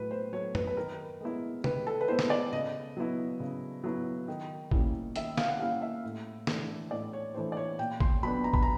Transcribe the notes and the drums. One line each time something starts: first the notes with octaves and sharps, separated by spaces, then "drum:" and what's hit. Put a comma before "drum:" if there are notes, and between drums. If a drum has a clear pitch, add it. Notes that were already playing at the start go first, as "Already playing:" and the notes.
Already playing: A2 F#3 A3 B4
C5
F#3 A3 C#5
B4, drum: tom F#2
B4
D#3 A#4
G#3 B3 E4
D#3 B4, drum: tom C3
A4
B4
G#3 B3 E4 C5
drum: snare
D5
C#3 D#5
F#3 B3 E4
C#3
F#3 B3 E4
D#3
G3 A#3 C#4 E4, drum: kick
D#3 E5, drum: hi-hat
F5, drum: snare
F#5
G3 A#3 C#4 E4 F5
E5
A2
E3 A3 D4, drum: snare
A2 D5
C#5
E3 A3 D4 C5
D5
C#5
A#2 G5
C6, drum: kick
F#3 B3 D4 B5
A#5
B5, drum: kick
A#5